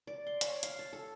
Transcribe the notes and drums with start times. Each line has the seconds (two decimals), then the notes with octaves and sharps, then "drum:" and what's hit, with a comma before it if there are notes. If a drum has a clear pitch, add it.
0.07 D5
0.27 C6
0.41 C#5, drum: hi-hat
0.63 F5, drum: hi-hat
0.79 A5
0.93 A4